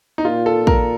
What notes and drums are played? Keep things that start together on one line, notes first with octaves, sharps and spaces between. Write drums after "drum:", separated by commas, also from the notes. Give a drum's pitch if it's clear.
D#4
A#2 F4
A4
A#4, drum: kick